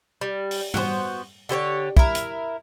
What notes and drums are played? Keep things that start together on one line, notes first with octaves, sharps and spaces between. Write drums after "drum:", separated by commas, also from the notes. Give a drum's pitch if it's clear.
G3
drum: open hi-hat
B3 F#4 G4 C5, drum: tom G#2
D3 G4 C5 C#5
E4 A#4, drum: kick
drum: hi-hat